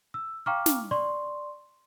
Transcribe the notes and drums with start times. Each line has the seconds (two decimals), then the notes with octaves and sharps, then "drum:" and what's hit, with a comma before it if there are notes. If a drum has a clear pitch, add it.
0.14 E6
0.46 F5 G5 A#5 C#6 D6 F6
0.66 drum: snare
0.91 D5 C6 C#6